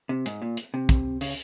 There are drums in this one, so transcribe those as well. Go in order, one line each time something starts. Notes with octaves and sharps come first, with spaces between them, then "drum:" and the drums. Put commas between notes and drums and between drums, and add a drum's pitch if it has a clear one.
C3
G#2, drum: hi-hat
A#2
drum: hi-hat
C3
drum: kick, hi-hat
C#3, drum: open hi-hat